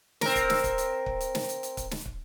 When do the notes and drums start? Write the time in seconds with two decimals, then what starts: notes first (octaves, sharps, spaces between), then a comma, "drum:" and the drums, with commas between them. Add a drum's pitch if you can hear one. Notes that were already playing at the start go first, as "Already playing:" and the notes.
0.21 C4 A#4, drum: snare
0.35 drum: kick, hi-hat
0.50 drum: snare
0.64 drum: kick, hi-hat
0.78 drum: hi-hat
1.06 drum: kick
1.20 drum: hi-hat
1.35 drum: snare
1.49 drum: hi-hat
1.63 drum: hi-hat
1.77 drum: kick, hi-hat
1.91 drum: snare
2.06 drum: kick